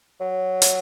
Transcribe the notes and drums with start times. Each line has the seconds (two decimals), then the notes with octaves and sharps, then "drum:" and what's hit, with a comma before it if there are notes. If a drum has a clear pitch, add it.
0.21 F#3
0.62 drum: hi-hat